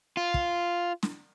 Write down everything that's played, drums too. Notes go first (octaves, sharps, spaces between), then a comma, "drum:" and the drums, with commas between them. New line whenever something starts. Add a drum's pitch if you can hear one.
F4
drum: kick
drum: snare